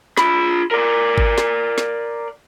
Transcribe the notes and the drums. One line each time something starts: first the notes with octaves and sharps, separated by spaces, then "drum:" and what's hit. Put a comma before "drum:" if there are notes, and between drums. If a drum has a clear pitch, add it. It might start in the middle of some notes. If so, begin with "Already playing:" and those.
F4 B5, drum: snare
A#4 D5
drum: kick G#1
drum: snare
drum: snare